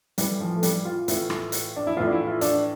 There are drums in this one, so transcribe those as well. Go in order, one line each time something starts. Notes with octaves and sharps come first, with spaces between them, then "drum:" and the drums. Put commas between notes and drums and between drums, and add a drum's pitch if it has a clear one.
A2 E3 G3, drum: hi-hat
F3
A3
G3, drum: hi-hat
F4
A2 E3, drum: hi-hat
drum: rim click
drum: hi-hat
D4
E4
A2 E3 F4
D4
E4
F4
D4, drum: hi-hat